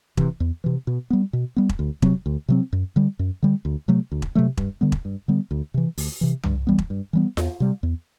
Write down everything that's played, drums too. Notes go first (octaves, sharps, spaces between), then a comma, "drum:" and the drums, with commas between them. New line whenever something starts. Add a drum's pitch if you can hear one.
C3 E3, drum: kick E1
E2
C3 E3
B2
G3 B3
B2
G3 B3
drum: kick E1
D2
C3 F#3 C4, drum: kick E1
D2
C3 F#3 C4
F#2
D3 G3
F#2
D3 G3
D2
C3 F#3 A3
D2
drum: kick E1
C3 F#3 A3
G2, drum: kick E1
D3 G3 B3
drum: kick E1
G2
D3 G3 B3
D2
C3 E3
D2, drum: open hi-hat
C3 E3
G2, drum: tom C2
E3 G3 B3
drum: kick E1
G2
E3 G3 B3
E2, drum: snare F4
C3 G3
E2